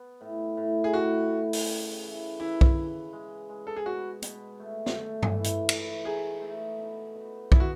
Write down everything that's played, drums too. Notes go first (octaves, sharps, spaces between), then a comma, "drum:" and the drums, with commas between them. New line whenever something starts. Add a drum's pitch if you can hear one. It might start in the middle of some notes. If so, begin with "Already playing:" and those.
Already playing: B3
A2
A2
G#4
A2 F#4
A2
drum: open hi-hat
C#3
E3
E3 E4
drum: kick B1
C#3
G#3
G#3
A4
G#4
B2 F#4
B2, drum: hi-hat
A3
drum: snare
A3
drum: tom
E3
drum: hi-hat
E3, drum: cymbal
D#4 G#4
A3
B2
B2
E4 G#4, drum: kick B1
F#4